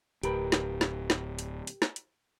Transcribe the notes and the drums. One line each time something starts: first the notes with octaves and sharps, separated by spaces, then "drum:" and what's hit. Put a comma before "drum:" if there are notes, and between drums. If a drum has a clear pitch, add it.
D1 G4 A#4 B4, drum: hi-hat
drum: snare
drum: snare
drum: snare
drum: hi-hat
drum: hi-hat
drum: snare
drum: hi-hat